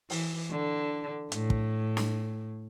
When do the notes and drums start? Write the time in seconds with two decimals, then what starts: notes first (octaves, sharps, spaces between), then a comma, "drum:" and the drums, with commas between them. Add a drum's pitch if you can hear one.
0.10 E3, drum: open hi-hat
0.51 D3
1.32 A2, drum: hi-hat
1.50 drum: kick
1.97 drum: snare